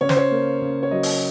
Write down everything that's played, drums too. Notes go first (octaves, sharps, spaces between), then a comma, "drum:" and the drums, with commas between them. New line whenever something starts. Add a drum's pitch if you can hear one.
C#3 C#5
C5, drum: snare
C#5
A#3
C#3
C#5
F#3 D#5
drum: open hi-hat